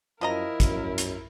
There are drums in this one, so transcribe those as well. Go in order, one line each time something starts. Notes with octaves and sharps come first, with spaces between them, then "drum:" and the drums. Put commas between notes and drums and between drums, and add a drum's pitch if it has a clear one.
F#2 F3 E4 A#4 D#5 A#5
F#2, drum: kick, hi-hat
drum: hi-hat